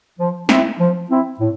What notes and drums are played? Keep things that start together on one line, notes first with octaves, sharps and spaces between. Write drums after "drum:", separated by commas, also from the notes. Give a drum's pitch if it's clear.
F3
C4 E4, drum: snare
F3
C4 E4
A2